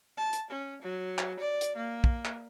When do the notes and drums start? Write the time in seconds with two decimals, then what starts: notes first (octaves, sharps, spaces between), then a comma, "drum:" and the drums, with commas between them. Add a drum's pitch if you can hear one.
0.17 A5
0.33 drum: hi-hat
0.51 C#4
0.82 F#3
1.18 drum: clap
1.40 D5
1.61 drum: hi-hat
1.76 A#3
2.04 drum: kick
2.25 drum: clap